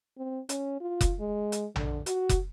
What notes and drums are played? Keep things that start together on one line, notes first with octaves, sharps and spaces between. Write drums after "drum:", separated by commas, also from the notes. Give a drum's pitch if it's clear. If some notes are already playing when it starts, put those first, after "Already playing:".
C4
C#4, drum: hi-hat
F4
drum: kick F1, hi-hat
G#3
drum: hi-hat
D3, drum: tom A#1
F#4, drum: hi-hat
drum: kick F1, hi-hat